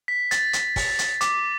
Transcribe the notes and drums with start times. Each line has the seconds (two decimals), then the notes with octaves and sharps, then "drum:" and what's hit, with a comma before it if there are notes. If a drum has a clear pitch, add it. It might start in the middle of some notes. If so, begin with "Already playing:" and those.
0.08 B6
0.31 A6, drum: hi-hat
0.53 drum: hi-hat
0.76 drum: kick, open hi-hat
0.99 drum: hi-hat
1.21 D6, drum: hi-hat